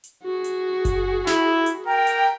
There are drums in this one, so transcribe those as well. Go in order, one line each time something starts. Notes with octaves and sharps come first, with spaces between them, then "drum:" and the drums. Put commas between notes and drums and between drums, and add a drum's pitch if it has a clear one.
drum: hi-hat
F#4 G#4
drum: hi-hat
drum: kick F#1, hi-hat
E4, drum: snare
drum: hi-hat
A#4 G5
drum: hi-hat